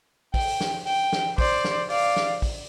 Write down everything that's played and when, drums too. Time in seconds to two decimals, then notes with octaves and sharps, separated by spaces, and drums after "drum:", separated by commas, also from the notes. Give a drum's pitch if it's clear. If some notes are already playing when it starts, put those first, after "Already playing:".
0.34 G5, drum: kick, open hi-hat
0.61 drum: snare
0.87 G5, drum: open hi-hat
1.12 drum: snare
1.38 C5 D5, drum: kick, open hi-hat
1.64 drum: snare
1.90 D5 F5, drum: open hi-hat
2.16 drum: snare
2.42 drum: kick, open hi-hat